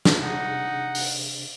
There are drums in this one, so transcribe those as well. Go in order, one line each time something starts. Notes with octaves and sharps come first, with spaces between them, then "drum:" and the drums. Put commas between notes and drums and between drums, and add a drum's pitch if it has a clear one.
drum: snare
C3 D4 D#4 G#4 F#5
drum: open hi-hat